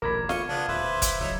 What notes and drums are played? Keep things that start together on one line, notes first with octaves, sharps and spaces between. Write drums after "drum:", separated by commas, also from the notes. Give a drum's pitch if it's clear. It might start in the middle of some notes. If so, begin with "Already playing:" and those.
D#1 A1 D2 A#4 B5 D6 G#6
F5 C#6 F6 D#7 G7, drum: snare F4
C#3 B3 D4 F4
D#1 D2 B4 C5 E5
drum: kick, hi-hat
C#2 F#3 D#4 C#5 E5